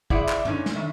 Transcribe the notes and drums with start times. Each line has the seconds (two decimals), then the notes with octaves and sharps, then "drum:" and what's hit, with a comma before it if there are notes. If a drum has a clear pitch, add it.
0.10 E4 G#4 C5 D5 E5 F#5, drum: kick
0.29 drum: clap
0.45 A#2 D3 C#4 D#4, drum: tom
0.66 drum: snare
0.76 D3 D#3 E5